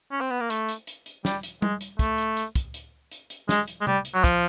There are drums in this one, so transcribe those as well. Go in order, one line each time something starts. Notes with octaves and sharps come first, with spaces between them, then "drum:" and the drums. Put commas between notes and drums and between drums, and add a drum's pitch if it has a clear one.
C#4
C4
B3
A#3
A3, drum: hi-hat
drum: hi-hat
drum: hi-hat
drum: hi-hat
G3, drum: snare
drum: hi-hat
G#3, drum: tom G3
drum: hi-hat
A3, drum: kick, hi-hat
drum: hi-hat
drum: hi-hat
drum: kick, hi-hat
drum: hi-hat
drum: hi-hat
drum: hi-hat
G#3, drum: snare
drum: hi-hat
G#3
G3, drum: tom C3
drum: hi-hat
F#3
F3, drum: kick, hi-hat